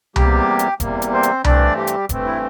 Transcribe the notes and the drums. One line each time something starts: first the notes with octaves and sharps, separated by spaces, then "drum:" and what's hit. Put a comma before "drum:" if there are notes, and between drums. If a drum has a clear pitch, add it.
E2 C3 G3 A#3 G4, drum: tom C2
drum: hi-hat
E2 C3 G3 A#3, drum: kick E1, hi-hat
drum: hi-hat
C4 C5
drum: hi-hat
G2 E3 A3 C4 D4 D5, drum: tom C2
G3 G4
drum: hi-hat
G2 E3 A3 C4, drum: kick E1, hi-hat
E4